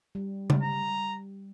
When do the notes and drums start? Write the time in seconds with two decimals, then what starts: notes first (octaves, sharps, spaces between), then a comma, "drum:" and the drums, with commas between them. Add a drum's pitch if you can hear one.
0.15 G3
0.50 drum: tom C#3
0.63 A#5